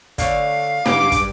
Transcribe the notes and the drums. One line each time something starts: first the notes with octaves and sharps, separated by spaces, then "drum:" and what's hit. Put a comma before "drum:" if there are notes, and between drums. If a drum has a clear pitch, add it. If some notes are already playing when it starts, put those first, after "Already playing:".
D3 A3 C#5 F5, drum: kick, hi-hat
G2 C#3 B3 G4 D6, drum: snare
drum: kick, hi-hat